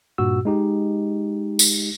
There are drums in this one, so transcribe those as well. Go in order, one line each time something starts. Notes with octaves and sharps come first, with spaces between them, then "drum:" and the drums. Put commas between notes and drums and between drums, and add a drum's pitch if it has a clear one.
G2 A#2 F#4 E6
G#3 D#4 G4
drum: tambourine